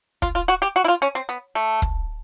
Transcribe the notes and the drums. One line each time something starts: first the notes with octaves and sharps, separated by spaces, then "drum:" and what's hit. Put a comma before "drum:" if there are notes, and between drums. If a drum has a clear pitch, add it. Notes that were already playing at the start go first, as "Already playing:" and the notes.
F4, drum: kick
F4
F#4
G4
F#4
E4
F4
C#4
C4
B3
A3
drum: kick